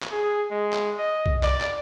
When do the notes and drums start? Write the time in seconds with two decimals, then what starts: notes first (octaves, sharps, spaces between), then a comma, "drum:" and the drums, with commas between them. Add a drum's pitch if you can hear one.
0.02 drum: clap
0.11 G#4
0.51 G#3
0.73 drum: clap
0.98 D#5
1.26 drum: kick B1
1.43 D5, drum: clap
1.61 drum: clap